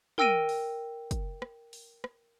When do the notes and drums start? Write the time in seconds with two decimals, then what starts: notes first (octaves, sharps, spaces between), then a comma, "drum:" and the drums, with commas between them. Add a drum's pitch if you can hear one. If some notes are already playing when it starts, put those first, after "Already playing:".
0.18 A#4 G5 E6 A#6 D7 D#7, drum: tom
0.49 drum: open hi-hat
1.11 drum: kick, hi-hat
1.42 drum: rim click
1.73 drum: open hi-hat
2.04 drum: rim click